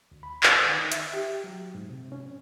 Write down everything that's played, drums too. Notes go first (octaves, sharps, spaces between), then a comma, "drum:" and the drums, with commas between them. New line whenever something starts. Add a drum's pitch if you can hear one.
D2
B5
G#5, drum: clap
D#3
D#4
E5, drum: hi-hat
G4
F#3
G#2
C3
C#4